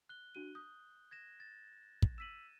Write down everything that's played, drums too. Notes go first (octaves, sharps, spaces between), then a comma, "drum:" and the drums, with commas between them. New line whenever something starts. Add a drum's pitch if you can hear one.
F#6 G7
D4 F#4 D#7
D#6 G6
G#6 A#6 E7
A6
drum: kick
E6 B6 D#7 E7 F#7